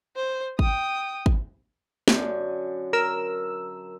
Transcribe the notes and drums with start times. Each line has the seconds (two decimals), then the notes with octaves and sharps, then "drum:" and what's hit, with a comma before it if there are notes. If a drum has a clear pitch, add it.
0.16 C5
0.59 G5 D#6, drum: kick
1.26 drum: kick
2.08 F#2 D3 G#5, drum: snare
2.93 A#4 E6